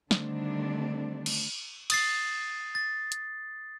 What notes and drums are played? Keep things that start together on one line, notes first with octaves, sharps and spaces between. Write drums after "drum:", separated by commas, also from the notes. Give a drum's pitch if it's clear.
D3 D#3 G3 A3 C4 D4, drum: snare
drum: cymbal
D#6 A6 C7, drum: cymbal
A6
drum: hi-hat